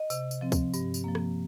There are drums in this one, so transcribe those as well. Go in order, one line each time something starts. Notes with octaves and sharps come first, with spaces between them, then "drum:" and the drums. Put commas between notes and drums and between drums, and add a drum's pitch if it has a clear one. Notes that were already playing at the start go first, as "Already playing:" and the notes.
Already playing: D#5
C3, drum: tambourine
drum: tambourine
F3 C4
drum: kick C#2, tambourine
G2, drum: tambourine
drum: tambourine
F3 A#3
drum: rim click